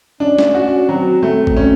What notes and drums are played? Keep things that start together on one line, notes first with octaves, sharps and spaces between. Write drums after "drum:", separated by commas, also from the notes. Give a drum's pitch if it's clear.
C#4 D4
drum: snare
F#4
F#3 C4
A3
drum: kick
C#4